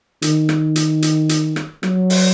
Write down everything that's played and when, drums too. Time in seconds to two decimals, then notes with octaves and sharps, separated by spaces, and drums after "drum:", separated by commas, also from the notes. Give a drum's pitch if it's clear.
0.22 D#3, drum: hi-hat
0.49 drum: rim click
0.76 drum: hi-hat
1.02 drum: hi-hat
1.29 drum: hi-hat
1.56 drum: rim click
1.83 F#3, drum: rim click
2.10 drum: open hi-hat